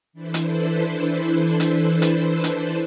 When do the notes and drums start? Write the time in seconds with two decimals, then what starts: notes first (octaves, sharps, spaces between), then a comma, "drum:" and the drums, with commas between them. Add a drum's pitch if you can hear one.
0.13 E3 D4 E4 A4 B4 C5
0.34 drum: hi-hat
1.60 drum: hi-hat
2.02 drum: hi-hat
2.44 drum: hi-hat